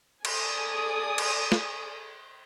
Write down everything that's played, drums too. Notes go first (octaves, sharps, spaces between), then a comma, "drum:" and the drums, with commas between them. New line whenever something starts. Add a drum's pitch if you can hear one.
G#4 A4 D5 G#5 D#6, drum: cymbal
drum: cymbal
drum: snare